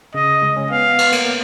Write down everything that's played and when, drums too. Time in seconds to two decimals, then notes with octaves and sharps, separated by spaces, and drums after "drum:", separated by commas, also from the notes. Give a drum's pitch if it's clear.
0.14 C#3 D#5
0.42 G#3
0.57 C#4
0.71 B3 F5
0.99 B3, drum: cymbal
1.12 A#3, drum: cymbal